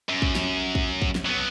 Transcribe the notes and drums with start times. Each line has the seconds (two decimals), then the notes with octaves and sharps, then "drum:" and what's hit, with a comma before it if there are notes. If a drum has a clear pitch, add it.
0.09 F#2
0.22 drum: kick
0.35 drum: snare
0.75 drum: kick
1.02 drum: kick
1.15 drum: snare
1.26 F#3 B3